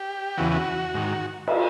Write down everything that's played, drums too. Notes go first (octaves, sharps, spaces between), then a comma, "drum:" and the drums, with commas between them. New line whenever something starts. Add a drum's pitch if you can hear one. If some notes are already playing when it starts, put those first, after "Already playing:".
Already playing: G4
E2 C#3 E3 F#4
F#4
G#2 D#3
drum: cymbal